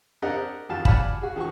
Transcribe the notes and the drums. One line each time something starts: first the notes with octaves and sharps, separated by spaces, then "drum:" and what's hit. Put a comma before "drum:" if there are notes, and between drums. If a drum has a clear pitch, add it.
C4 D4 G4 A#4 D#5 F#5
F2 D#3 F#4 G4 F5 A5
D5 F5 F#5 G#5 A5 B5, drum: kick G1
F#4 G#4
D#3 F3 F#5 C#6